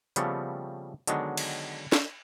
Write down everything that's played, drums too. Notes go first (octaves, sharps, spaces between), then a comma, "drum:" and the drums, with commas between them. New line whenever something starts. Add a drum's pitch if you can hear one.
C#3 F3 G3 A3 B3 C4, drum: hi-hat
D3 D#3 F#3 G#3 B3, drum: hi-hat
drum: cymbal
drum: snare